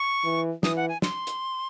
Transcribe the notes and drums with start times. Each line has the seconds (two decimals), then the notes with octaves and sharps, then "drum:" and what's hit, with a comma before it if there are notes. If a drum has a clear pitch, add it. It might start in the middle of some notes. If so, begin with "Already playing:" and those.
Already playing: C#6
0.24 E3
0.63 E3 D#6, drum: snare
0.77 F#5
0.89 G#5
1.02 C6, drum: snare
1.27 drum: hi-hat